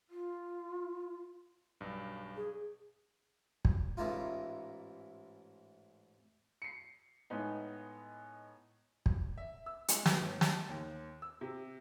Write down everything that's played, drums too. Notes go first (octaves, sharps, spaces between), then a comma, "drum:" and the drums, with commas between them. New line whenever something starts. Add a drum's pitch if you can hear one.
F4
B1 G2
G#4
drum: kick
A1 G#2 E3 D#4 F4
C7 C#7
A2 G#3 B3 D#4
drum: kick
E5
E6
G#3, drum: hi-hat
B2, drum: snare
G1
A5, drum: snare
D#2
E6
C3